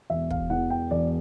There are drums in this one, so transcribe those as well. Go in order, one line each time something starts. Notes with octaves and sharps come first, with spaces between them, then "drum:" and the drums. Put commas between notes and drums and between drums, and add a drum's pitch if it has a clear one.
E1 E5
F5, drum: kick
E2 F#5
G5
E1 D5